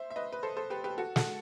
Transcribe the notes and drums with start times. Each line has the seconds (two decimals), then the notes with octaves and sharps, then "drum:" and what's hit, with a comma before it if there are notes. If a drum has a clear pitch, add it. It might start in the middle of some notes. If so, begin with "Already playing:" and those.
Already playing: C5 E5
0.10 E5
0.16 B4 D#5
0.32 B4
0.43 A4 C5
0.57 A4 C5
0.70 G4 B4
0.84 G4 B4
0.98 F#4 A4
1.16 F#4 A4, drum: snare